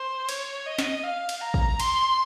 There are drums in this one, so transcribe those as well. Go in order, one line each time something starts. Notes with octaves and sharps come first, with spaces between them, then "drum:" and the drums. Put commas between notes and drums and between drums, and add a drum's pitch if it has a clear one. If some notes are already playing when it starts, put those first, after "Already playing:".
Already playing: C5
C#5, drum: cymbal
D#5
drum: snare
F5
drum: cymbal
A#5
drum: kick
C6, drum: cymbal